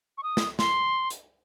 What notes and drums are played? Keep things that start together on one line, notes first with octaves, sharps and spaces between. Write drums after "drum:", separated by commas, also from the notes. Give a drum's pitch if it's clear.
C#6
D#6
drum: snare
C6, drum: snare
drum: hi-hat